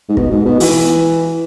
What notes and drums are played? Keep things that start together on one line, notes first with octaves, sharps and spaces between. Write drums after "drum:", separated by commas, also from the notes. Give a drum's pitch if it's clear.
G#2
B2, drum: kick
G#2
B2
E3, drum: open hi-hat